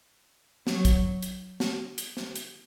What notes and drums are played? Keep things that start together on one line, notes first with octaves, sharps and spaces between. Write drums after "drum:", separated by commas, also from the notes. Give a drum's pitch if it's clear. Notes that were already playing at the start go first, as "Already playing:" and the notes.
F#3, drum: snare
drum: kick, hi-hat
drum: hi-hat
drum: snare
drum: hi-hat
drum: snare
drum: hi-hat